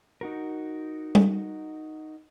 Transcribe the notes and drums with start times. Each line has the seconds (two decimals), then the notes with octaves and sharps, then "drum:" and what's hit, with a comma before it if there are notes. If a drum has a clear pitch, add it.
0.21 D#4 F#4 A#4
1.15 drum: tom G3